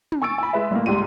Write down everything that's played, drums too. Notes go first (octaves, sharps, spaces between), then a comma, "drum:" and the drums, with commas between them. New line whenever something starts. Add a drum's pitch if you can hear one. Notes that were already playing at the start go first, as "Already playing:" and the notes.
drum: tom
G#5 C#6 E6 A6 D7
G#5 B5
G#3 B4 E5
G1 A2 A#3
C#2 G#2 G3 D#7